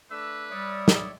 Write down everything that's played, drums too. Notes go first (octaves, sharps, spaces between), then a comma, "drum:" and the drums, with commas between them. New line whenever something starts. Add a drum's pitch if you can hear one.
A3 D4 B4 E5 E6
G3 C#5 D5 E5 D#6
drum: snare